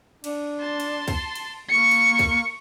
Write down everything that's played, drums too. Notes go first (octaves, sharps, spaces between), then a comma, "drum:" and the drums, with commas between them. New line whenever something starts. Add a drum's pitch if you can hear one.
D4, drum: cymbal
A5 C6
drum: cymbal
drum: kick, cymbal
drum: cymbal
A#3 C#6 C#7
drum: cymbal
drum: kick, cymbal